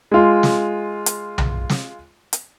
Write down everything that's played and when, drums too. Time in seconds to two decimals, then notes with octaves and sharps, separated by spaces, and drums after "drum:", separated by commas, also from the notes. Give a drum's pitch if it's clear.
0.11 G#3 F4
0.43 drum: snare
1.06 drum: hi-hat
1.38 drum: tom B1
1.69 drum: snare
2.33 drum: hi-hat